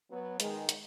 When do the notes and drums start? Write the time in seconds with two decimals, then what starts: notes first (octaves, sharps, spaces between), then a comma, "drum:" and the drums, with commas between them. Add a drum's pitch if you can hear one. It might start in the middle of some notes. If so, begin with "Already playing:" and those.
0.10 F#3 B3
0.40 D#3 G#3, drum: hi-hat
0.69 drum: hi-hat